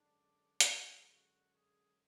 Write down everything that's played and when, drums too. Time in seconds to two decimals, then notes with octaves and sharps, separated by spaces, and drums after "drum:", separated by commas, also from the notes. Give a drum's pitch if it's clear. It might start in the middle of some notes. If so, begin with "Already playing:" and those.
Already playing: F#2 D3 G#3 D4
0.60 drum: hi-hat
0.71 F#4
1.13 F#4
1.54 G#4